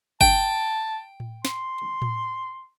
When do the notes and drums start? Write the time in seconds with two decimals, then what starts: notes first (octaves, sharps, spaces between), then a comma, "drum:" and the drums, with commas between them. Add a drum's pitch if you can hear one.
0.21 G5 A5, drum: kick
1.20 drum: tom A2
1.45 C6, drum: snare
2.02 drum: tom A2